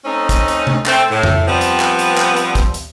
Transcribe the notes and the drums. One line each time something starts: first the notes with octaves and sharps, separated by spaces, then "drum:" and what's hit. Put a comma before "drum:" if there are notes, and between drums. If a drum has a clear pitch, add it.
A3 C4 C#4 D#4
drum: kick, hi-hat
drum: hi-hat
drum: tom C3
A3 C4, drum: clap
A2
drum: tom F2
F3 G3 B3 C4
drum: hi-hat
drum: clap
drum: hi-hat
drum: clap
drum: hi-hat
drum: kick, hi-hat
drum: hi-hat